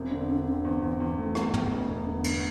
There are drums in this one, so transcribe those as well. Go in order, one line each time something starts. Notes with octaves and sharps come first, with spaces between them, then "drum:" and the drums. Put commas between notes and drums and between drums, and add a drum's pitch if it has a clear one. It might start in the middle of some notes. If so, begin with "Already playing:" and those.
Already playing: E1 C4
D3
D3
D3
E2
E2
E2
A3
E2 B3, drum: rim click
E2, drum: tom
E1
E1
D3
E2, drum: cymbal